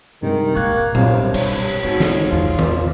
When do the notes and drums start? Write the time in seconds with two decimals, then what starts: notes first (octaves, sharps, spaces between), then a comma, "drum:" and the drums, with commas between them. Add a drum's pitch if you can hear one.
0.23 G2 C3 D#3 G#3
0.55 E1 A#2 A#3 C#6 F#6 G#6
0.95 C2 G2 C3 D#3 C#5 F5, drum: tom A#2
1.34 B2 C#5, drum: cymbal
1.83 G#2 B2 B3 C4 C#5
2.00 drum: snare
2.30 A#1 E2 F4
2.59 drum: tom D#3